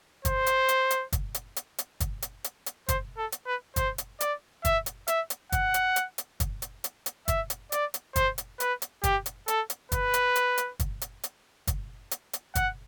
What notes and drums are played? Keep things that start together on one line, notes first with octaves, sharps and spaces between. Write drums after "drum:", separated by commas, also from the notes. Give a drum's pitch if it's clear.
C5, drum: kick, hi-hat
drum: hi-hat
drum: hi-hat
drum: hi-hat
drum: kick, hi-hat
drum: hi-hat
drum: hi-hat
drum: hi-hat
drum: kick, hi-hat
drum: hi-hat
drum: hi-hat
drum: hi-hat
C5, drum: kick, hi-hat
A4
drum: hi-hat
B4
C5, drum: kick, hi-hat
drum: hi-hat
D5, drum: hi-hat
E5, drum: kick, hi-hat
drum: hi-hat
E5, drum: hi-hat
drum: hi-hat
F#5, drum: kick, hi-hat
drum: hi-hat
drum: hi-hat
drum: hi-hat
drum: kick, hi-hat
drum: hi-hat
drum: hi-hat
drum: hi-hat
E5, drum: kick, hi-hat
drum: hi-hat
D5, drum: hi-hat
drum: hi-hat
C5, drum: kick, hi-hat
drum: hi-hat
B4, drum: hi-hat
drum: hi-hat
G4, drum: kick, hi-hat
drum: hi-hat
A4, drum: hi-hat
drum: hi-hat
B4, drum: kick, hi-hat
drum: hi-hat
drum: hi-hat
drum: hi-hat
drum: kick, hi-hat
drum: hi-hat
drum: hi-hat
drum: kick, hi-hat
drum: hi-hat
drum: hi-hat
F#5, drum: kick, hi-hat